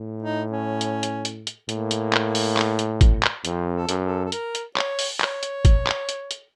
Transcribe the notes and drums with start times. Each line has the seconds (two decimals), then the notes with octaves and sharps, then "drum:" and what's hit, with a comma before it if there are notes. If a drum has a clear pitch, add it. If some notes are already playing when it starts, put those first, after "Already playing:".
Already playing: A2
0.22 D#4
0.52 C#4
0.81 drum: hi-hat
1.03 drum: hi-hat
1.25 drum: hi-hat
1.47 drum: hi-hat
1.69 A2 A#3, drum: hi-hat
1.91 drum: hi-hat
2.13 drum: clap
2.35 drum: open hi-hat
2.57 drum: clap
2.79 drum: hi-hat
3.01 drum: kick G#1, hi-hat
3.23 drum: clap
3.45 F2 C4, drum: hi-hat
3.74 A4
3.89 F#2, drum: hi-hat
4.04 A4
4.26 A4
4.32 A#4, drum: hi-hat
4.55 drum: hi-hat
4.76 C#5, drum: clap
4.99 drum: open hi-hat
5.20 C#5, drum: clap
5.43 drum: hi-hat
5.65 drum: kick G#1, hi-hat
5.87 drum: clap
6.09 drum: hi-hat
6.31 drum: hi-hat